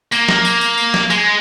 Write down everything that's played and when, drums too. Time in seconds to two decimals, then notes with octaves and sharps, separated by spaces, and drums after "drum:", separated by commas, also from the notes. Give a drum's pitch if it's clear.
0.12 A#3, drum: tambourine
0.29 drum: snare
0.45 drum: tambourine
0.61 drum: tambourine
0.78 drum: tambourine
0.94 drum: snare
1.10 G#3, drum: tambourine